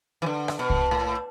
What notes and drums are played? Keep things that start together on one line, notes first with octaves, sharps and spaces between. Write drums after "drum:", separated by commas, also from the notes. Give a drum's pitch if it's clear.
E3
D3
drum: rim click
B2
drum: kick C2
A2